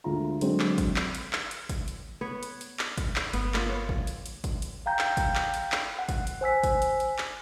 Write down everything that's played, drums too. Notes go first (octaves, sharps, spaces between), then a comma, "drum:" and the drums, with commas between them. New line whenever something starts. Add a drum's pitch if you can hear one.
D2 G#3 F4 A#5
D3 F#3 G#3 C4, drum: hi-hat
drum: clap
drum: kick, hi-hat
drum: clap
drum: hi-hat
drum: clap
drum: hi-hat
drum: kick, hi-hat
drum: hi-hat
B3 B4 C#5
drum: hi-hat
drum: hi-hat
drum: clap
drum: kick, hi-hat
drum: clap
G1 B3, drum: hi-hat
A#3 B3 F4, drum: clap
C#5
drum: kick
drum: hi-hat
drum: hi-hat
drum: kick, hi-hat
drum: hi-hat
F5 G5 A#5 G6
drum: clap
drum: kick, hi-hat
drum: clap
drum: hi-hat
drum: clap
F#5
drum: kick, hi-hat
drum: hi-hat
C5 G#5 E6 B6
drum: kick, hi-hat
drum: hi-hat
drum: hi-hat
drum: clap